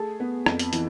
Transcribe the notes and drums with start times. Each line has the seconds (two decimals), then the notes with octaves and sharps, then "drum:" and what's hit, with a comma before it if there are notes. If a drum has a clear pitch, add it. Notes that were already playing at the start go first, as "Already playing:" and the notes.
Already playing: A3 G#4 A4
0.20 B3
0.46 F2, drum: rim click
0.59 drum: hi-hat
0.73 E3, drum: hi-hat